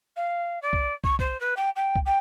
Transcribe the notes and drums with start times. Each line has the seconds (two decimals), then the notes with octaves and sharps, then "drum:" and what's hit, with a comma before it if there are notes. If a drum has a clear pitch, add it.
0.16 F5
0.62 D5
0.73 drum: kick
1.04 C#6, drum: kick
1.19 C5, drum: kick
1.40 B4
1.56 G5
1.76 G5
1.96 drum: kick
2.06 G5